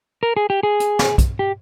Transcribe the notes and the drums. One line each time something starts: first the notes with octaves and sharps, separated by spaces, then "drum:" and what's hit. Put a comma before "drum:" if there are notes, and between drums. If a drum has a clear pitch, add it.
A#4
G#4
G4
G#4
drum: hi-hat
drum: snare
drum: kick, hi-hat
G4